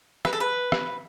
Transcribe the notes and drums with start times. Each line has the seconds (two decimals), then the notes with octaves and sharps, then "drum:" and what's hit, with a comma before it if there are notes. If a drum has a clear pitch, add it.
0.25 B4, drum: rim click
0.33 A4
0.40 B4
0.72 drum: rim click